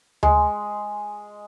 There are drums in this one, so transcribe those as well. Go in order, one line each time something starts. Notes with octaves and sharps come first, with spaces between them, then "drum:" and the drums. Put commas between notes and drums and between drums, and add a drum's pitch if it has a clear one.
G#3, drum: tom D2